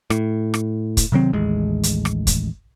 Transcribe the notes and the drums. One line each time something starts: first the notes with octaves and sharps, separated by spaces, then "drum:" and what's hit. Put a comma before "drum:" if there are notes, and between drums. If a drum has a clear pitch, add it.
A2, drum: rim click
drum: rim click
drum: kick, hi-hat
C3 D#3 F#3 C4
A1 D#2 G#3
drum: hi-hat
drum: rim click
drum: kick, hi-hat